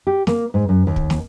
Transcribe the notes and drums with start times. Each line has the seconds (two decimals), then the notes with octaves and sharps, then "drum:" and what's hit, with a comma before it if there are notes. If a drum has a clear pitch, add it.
0.07 G4
0.27 A#3, drum: snare
0.54 G#2
0.69 F#2
0.87 D#2
0.96 drum: kick
1.10 drum: snare